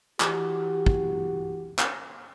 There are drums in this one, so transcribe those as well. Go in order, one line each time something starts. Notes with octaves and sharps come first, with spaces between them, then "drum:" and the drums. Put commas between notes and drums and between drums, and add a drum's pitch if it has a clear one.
E3 F#4 G4, drum: clap
drum: kick
drum: clap